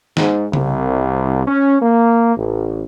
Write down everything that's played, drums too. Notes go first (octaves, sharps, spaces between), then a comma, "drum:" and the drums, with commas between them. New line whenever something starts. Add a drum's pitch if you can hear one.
G#2, drum: snare
C2, drum: tom C#3
C#4
A#3
A1